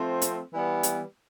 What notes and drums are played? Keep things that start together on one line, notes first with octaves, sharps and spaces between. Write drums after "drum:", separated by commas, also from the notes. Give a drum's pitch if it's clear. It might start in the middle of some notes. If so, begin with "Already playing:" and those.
Already playing: F3 A3 C4
drum: hi-hat
E3 G3 B3
drum: hi-hat